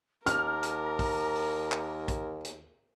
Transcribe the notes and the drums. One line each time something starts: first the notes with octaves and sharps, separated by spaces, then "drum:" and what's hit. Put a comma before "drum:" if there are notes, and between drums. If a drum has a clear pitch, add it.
D#2 A#4 A5 A#5 D6 F6, drum: hi-hat
drum: hi-hat
drum: kick, open hi-hat
drum: open hi-hat
drum: clap
drum: kick, hi-hat
drum: hi-hat